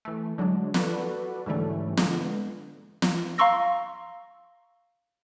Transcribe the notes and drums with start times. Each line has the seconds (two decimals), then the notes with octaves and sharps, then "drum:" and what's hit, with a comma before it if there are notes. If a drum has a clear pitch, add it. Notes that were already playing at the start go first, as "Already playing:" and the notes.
0.05 E3 A3
0.38 D3 F#3 G#3 D4
0.74 F#4 A4 B4 D5, drum: snare
1.46 G#2 D3 E3 G3 A3 C#4
1.97 D3 G#3 B3, drum: snare
3.02 drum: snare
3.38 F5 A#5 C6 C#6 E6 A#6